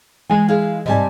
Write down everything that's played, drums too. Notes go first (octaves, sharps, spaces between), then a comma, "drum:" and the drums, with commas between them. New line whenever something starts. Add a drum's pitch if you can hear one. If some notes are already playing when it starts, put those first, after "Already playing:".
E3 G#3 G#5
E4 G#4 F5
C3 G3 D#5 G#5 A5, drum: tom G2